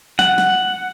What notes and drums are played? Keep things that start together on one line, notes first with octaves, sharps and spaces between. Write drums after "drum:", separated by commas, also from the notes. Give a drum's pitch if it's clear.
F#5, drum: snare
drum: snare